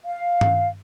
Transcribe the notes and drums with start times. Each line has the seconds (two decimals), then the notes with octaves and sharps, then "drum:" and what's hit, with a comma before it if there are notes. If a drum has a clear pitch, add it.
0.07 F5
0.41 drum: tom G2